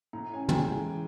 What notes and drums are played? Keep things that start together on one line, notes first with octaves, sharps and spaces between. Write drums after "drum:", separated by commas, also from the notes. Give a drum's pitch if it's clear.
A2 A#5
C#4 G#5
G5, drum: tom
G#3 G#5
E3